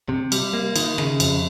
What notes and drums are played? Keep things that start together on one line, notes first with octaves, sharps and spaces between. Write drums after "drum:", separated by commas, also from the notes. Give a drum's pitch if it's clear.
C3
G3, drum: cymbal
A#3
D#3, drum: cymbal
C#3, drum: rim click
F2, drum: cymbal